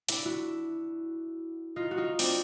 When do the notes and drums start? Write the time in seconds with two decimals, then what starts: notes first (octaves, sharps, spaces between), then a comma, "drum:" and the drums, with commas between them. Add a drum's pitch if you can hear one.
0.09 D4 E4, drum: hi-hat
0.25 E4 F#4
1.76 D#4 F4
1.91 F#4
1.98 D#4 F4
2.19 C4 D4, drum: open hi-hat